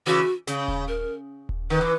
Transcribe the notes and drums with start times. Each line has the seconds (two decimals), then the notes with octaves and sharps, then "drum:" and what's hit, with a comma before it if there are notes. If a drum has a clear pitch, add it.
0.06 C#3 E3 F#4
0.47 C#3, drum: snare
0.68 drum: kick D#1
0.88 A#4
1.49 drum: kick D#1
1.70 D#3 B4
1.81 E3